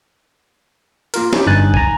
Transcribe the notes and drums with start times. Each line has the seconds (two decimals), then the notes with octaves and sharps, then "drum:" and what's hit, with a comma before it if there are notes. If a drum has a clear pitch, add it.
1.14 A#3 F4 A#4, drum: hi-hat
1.33 C#4 D#4 E4 G4, drum: snare
1.47 G1 G2 D#4 G#5 F#6 A6
1.74 G#5 A#5, drum: kick